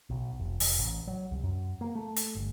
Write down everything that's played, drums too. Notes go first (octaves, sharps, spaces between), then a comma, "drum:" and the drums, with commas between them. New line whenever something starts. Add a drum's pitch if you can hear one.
B1
F1
F1, drum: open hi-hat
A1
F#3
C2
F#2
A#3
A3
drum: hi-hat
G1